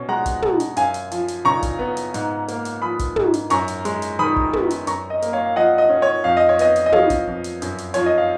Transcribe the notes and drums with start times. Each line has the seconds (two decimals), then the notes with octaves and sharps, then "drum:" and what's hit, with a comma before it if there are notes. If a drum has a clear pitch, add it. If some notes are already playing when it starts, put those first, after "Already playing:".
Already playing: B2 C#4
0.09 G#3 F#5 A#5
0.26 drum: kick, hi-hat
0.42 B2, drum: tom
0.60 drum: hi-hat
0.77 F#2 F5 G#5, drum: hi-hat
0.94 drum: hi-hat
1.11 F3, drum: hi-hat
1.28 drum: hi-hat
1.45 C#3 A#5 C#6
1.62 drum: kick, hi-hat
1.79 B3
1.97 drum: hi-hat
2.14 G#2, drum: hi-hat
2.48 A#3, drum: hi-hat
2.65 drum: hi-hat
2.82 F3 B5 D#6
2.99 drum: kick, hi-hat
3.16 G#2, drum: tom
3.34 drum: hi-hat
3.50 F#2 A#5 C#6, drum: hi-hat
3.68 drum: hi-hat
3.85 G#3, drum: hi-hat
4.02 drum: hi-hat
4.19 D#3 B5 D#6
4.36 drum: kick
4.53 B3, drum: tom
4.70 drum: hi-hat
4.87 F#2 A#5 C#6, drum: hi-hat
5.10 D#5
5.22 A#3, drum: hi-hat
5.33 C#5 F5
5.46 F5
5.55 F3 D#5 F#5
5.78 D#5
5.90 C#4
6.02 C#5
6.24 F2 F5
6.37 D#5
6.49 C#5
6.59 B3 D#5, drum: hi-hat
6.76 drum: hi-hat
6.86 D#5
6.92 F3 C#5 F5, drum: tom
7.10 drum: kick, hi-hat
7.27 F2
7.44 drum: hi-hat
7.62 F#2, drum: hi-hat
7.78 drum: hi-hat
7.94 F3 C#5, drum: hi-hat
8.06 D#5
8.18 F5